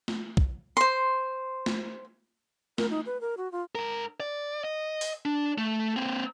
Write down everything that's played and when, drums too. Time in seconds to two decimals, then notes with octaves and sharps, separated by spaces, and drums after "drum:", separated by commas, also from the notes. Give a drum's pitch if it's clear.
0.08 drum: snare
0.37 drum: kick
0.77 C5 C6
1.66 drum: snare
2.78 A#4, drum: snare
2.90 D#4
3.06 B4
3.21 A#4
3.37 F#4
3.52 F4
3.75 G#2 A#4
4.20 D5
4.64 D#5
5.01 drum: open hi-hat
5.25 D4
5.58 A3
5.96 A#3 C4